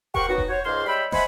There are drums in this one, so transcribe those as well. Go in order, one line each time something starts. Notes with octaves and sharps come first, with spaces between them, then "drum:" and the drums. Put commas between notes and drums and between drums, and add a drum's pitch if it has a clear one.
G4 A#4 C5 F#5 C#6, drum: kick E1
B3 C#4 D#4 F#4
drum: kick E1
F#4 C5 C#5
C#2 G#2 C5 F5 C6
G3 G#3 C#5 E5 G5 B5
C5 D#5 E5 F#5 G#5 B5, drum: snare